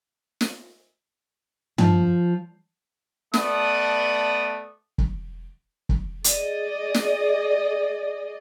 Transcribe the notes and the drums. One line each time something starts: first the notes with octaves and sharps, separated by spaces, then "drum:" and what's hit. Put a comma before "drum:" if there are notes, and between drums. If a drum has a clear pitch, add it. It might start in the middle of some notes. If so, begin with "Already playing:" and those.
drum: snare
F3, drum: tom
A3 B3 D5 A5 D#6, drum: snare
drum: kick
drum: kick
G#4 D5 D#5, drum: hi-hat
drum: snare